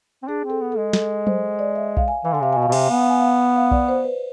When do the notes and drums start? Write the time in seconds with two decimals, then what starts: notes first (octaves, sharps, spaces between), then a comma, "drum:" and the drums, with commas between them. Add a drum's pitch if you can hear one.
0.23 C4
0.28 D4 G#4
0.45 C4
0.50 A4
0.61 B3
0.72 A4
0.77 G#3
0.93 A4, drum: snare
1.27 C5, drum: tom F#3
1.59 D5
1.75 E5
1.97 F5, drum: kick B1
2.08 G#5
2.25 E3 F5
2.33 D3 G#5
2.41 C3 F5
2.53 G#5
2.57 B2
2.62 F5
2.69 B2
2.72 C3 G#5, drum: cymbal
2.81 F5
2.90 B3 G#5
3.00 F5
3.09 G#5
3.20 F5
3.56 F5
3.71 D5, drum: kick B1
3.88 C5
4.04 B4